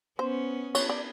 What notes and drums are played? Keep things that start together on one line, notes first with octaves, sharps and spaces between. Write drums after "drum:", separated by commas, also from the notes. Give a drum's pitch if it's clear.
B3 C#4 C5
C#5, drum: cymbal
D5